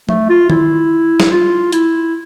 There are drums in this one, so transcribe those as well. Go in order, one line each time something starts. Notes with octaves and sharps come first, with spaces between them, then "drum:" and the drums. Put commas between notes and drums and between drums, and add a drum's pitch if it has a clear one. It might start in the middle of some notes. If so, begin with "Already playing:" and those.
A3, drum: tom F3
F4
E4, drum: tom D#3
drum: snare
F4
E4, drum: hi-hat